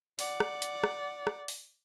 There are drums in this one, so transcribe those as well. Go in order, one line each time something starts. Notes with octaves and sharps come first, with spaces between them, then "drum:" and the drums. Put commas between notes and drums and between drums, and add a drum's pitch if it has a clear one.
D5 F#5, drum: open hi-hat
drum: rim click
drum: hi-hat
drum: rim click
drum: rim click
drum: open hi-hat